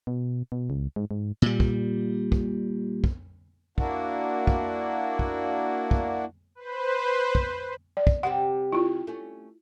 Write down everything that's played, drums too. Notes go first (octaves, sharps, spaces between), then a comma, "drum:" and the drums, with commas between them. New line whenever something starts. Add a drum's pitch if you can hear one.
B2
B2
C#2
G#2
G#2
A#2 G3
drum: kick
drum: kick
drum: kick
A#3 D4 E4 F#4, drum: kick
drum: kick
drum: kick
drum: kick
B4 C5
drum: kick
D5
drum: kick
C3 G3 C4 F#5
E4 F4
A3 C#4